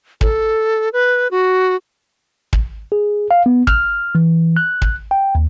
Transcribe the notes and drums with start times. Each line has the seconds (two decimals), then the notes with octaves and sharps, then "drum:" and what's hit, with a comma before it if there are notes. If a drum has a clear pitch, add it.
0.21 A4, drum: kick
0.93 B4
1.31 F#4
2.53 drum: kick
2.92 G#4
3.31 F5
3.46 B3
3.67 F6, drum: kick
4.15 E3
4.57 F#6
4.82 drum: kick
5.11 G5
5.35 D#2